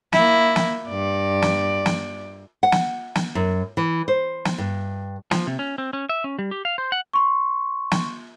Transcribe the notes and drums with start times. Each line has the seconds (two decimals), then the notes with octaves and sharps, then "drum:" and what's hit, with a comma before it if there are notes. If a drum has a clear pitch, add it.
0.13 A#3 E4, drum: snare
0.56 drum: snare
0.89 G2 D5
1.42 drum: snare
1.86 drum: snare
2.63 F#5
2.72 drum: snare
3.15 drum: snare
3.35 F#2
3.77 E3
4.08 C5
4.45 drum: snare
4.58 G2
5.31 F3, drum: snare
5.47 C3
5.59 C#4
5.78 C4
5.93 C#4
6.09 E5
6.24 C#4
6.39 G3
6.51 G4
6.65 F5
6.78 C5
6.92 F#5
7.13 C6 C#6
7.91 drum: snare